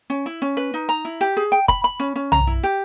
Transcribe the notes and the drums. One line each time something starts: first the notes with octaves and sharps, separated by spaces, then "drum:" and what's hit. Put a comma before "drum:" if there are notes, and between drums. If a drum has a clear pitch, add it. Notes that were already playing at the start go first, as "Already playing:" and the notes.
C#4
E4
C#4
B4
D#4
A#5
E4
G4
G#4
G5
B5, drum: kick
B5
C#4
C#4
A#5, drum: tom
E4
G4